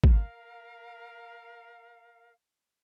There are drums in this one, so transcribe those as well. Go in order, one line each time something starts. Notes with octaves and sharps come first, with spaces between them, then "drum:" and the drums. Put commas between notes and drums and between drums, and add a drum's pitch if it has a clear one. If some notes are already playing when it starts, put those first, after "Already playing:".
A#4 F5, drum: kick